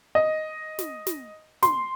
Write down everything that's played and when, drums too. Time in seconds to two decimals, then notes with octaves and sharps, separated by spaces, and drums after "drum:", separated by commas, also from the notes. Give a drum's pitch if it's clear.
0.15 D#5
0.79 drum: snare
1.07 drum: snare
1.63 C6, drum: snare